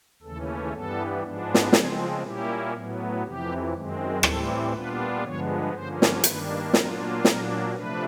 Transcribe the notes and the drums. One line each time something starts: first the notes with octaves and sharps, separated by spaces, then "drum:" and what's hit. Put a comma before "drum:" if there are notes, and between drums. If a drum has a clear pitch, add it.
D#2 C#3 E3 A3 C#4 A4
G2 E3 G3 B3 A4
G#2 F3 G#3 B3 D4
drum: snare
C#3 F3 G#3 C4 G#4, drum: snare
A#2 G3 A#3 C#4 E4 G4
A2 F#3 B3
F2 C3 E3 G4
F#2 D#3 G#3 C4
A2 E3 G3 C4 A4, drum: rim click
A#2 G3 B3 D4 F4 B4
G2 D3 F3 G#3 B3 C#5
G2 D3 F3 A#3 C#4 C5
drum: snare
G2 D#3 G3 A#3 D4 B4, drum: hi-hat
A#2 F#3 A#3 D4 F4 A#4, drum: snare
A#2 F#3 A#3 D4 A#4, drum: snare
C3 F3 A3 D4 B4